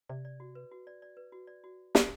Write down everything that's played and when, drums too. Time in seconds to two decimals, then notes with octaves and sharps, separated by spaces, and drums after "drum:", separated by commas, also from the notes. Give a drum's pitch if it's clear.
0.09 C3 D5
0.25 D5
0.40 F#4
0.55 B4
0.72 F#4
0.87 D5
1.02 D5
1.17 B4
1.32 F#4
1.47 D5
1.64 F#4
1.95 drum: snare